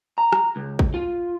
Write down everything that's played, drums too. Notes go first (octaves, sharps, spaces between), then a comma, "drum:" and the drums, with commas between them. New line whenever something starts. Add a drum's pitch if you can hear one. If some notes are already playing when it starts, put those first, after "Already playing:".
A#5
drum: rim click
C#2
drum: kick
F4